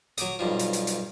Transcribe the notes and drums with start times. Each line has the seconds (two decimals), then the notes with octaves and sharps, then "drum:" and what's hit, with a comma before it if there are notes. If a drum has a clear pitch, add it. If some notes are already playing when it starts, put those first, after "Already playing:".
0.18 F#3 D6 D#6, drum: hi-hat
0.39 B1 G2 F3
0.59 drum: hi-hat
0.73 drum: hi-hat
0.87 drum: hi-hat